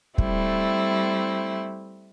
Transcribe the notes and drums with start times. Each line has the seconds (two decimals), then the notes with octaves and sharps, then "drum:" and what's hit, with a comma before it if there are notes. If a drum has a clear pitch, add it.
0.18 G3 A3 C4 E4, drum: kick